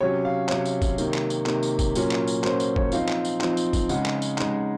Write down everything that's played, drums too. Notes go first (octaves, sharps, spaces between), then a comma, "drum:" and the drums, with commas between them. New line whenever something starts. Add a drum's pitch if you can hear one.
C3 F#3 C#4 C#5
F5
C3 F#3 C#4 C#5, drum: clap
drum: tambourine
drum: kick, tambourine
C3 D#3 A#3, drum: tambourine
drum: clap
drum: tambourine
C3 D#3 A#3, drum: clap
drum: tambourine
drum: kick, tambourine
A#2 F#3 A#3 C#4, drum: tambourine
drum: clap
drum: tambourine
A#2 F#3 A#3 C#4 C5, drum: clap
drum: tambourine
C#5, drum: kick
F3 C4 D#4 F5, drum: tambourine
drum: clap
drum: tambourine
F3 C4 D#4, drum: clap
drum: tambourine
drum: kick, tambourine
C#3 G#3 D#4 F#5, drum: tambourine
drum: clap
drum: tambourine
C#3 G#3 D#4, drum: clap